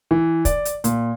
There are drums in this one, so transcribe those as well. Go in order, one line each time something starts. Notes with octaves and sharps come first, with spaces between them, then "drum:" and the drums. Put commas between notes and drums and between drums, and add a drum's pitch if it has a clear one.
E3
D5, drum: kick, hi-hat
drum: hi-hat
A#2, drum: hi-hat